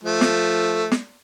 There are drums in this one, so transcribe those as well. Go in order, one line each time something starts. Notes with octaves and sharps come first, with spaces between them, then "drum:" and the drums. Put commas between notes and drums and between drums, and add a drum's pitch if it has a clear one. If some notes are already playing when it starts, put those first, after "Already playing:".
F3 A3
drum: snare
drum: snare